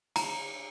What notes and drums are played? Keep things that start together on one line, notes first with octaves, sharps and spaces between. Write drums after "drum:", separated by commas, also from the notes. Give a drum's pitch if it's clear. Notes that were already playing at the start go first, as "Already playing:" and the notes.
A#5, drum: cymbal